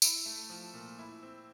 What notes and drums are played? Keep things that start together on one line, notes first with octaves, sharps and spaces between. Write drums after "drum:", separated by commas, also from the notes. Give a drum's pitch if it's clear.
E4, drum: tambourine
A3
F3
A#2
E4
C4